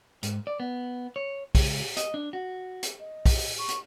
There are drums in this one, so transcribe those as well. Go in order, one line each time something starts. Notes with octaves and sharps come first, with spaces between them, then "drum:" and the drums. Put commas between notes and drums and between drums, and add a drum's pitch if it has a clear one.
G#2, drum: hi-hat
D5
B3
C#5
C#2, drum: kick, open hi-hat
D#5, drum: hi-hat
D4
F#4
drum: hi-hat
D#5
drum: kick, open hi-hat
C#6
drum: hi-hat